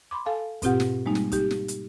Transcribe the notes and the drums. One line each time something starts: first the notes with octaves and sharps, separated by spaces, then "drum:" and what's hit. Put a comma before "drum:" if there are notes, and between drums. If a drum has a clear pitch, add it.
B5 C6 D6
A4 F5 G#5 A5
G#2 B2 C4 F4 G4 F#5, drum: kick, hi-hat
drum: snare
G3 G#3 A#3 D#4
drum: snare
D#4 G4, drum: kick, hi-hat
drum: snare
drum: hi-hat